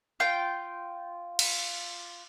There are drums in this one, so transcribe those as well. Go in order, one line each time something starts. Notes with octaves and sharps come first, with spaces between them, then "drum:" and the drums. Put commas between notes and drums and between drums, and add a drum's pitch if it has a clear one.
F4 G5
drum: cymbal